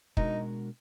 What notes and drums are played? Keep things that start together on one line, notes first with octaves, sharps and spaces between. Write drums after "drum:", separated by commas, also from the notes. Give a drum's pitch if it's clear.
B2 G#3 D4 D#4 F#4 A#4, drum: kick